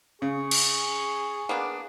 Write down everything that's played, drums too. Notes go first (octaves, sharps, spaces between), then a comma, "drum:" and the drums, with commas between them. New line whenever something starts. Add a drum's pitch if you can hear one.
C#3 G#4 C#6
drum: cymbal
A#3 B3 D4